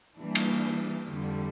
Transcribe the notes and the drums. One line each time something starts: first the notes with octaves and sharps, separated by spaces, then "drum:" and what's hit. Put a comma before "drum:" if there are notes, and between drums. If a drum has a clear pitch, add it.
E3 G3 A#3 D4
drum: cymbal
F2 D3 G3